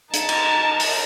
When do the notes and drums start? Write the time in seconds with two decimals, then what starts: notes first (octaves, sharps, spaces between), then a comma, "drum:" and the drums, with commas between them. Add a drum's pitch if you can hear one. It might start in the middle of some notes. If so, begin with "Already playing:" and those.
0.14 D#4 A5, drum: hi-hat
0.29 drum: cymbal
0.80 drum: open hi-hat